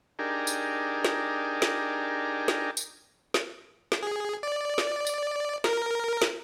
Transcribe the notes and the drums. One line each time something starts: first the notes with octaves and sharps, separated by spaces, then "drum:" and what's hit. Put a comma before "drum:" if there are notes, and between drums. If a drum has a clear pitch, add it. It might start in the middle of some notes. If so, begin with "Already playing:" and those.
D4 D#4 G4 G#4 A#4
drum: tambourine
drum: snare
drum: snare
drum: snare
drum: tambourine
drum: snare
drum: snare
G#4
D5
drum: snare
drum: tambourine
A#4, drum: snare
drum: snare